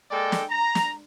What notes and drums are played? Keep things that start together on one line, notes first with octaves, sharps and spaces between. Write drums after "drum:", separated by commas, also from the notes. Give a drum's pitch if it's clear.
G#3 A#3 A4 D5 G5
drum: snare
A#5
drum: snare